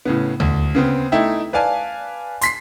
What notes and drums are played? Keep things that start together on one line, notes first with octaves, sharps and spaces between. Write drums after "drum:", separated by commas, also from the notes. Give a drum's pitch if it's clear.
A2 C#3 B3
D2, drum: tom D#2
C#3 B3 C4
A3 D#4 E4 E5 G5
B4 D5 F5 G#5 A5
C6 B6 C7, drum: hi-hat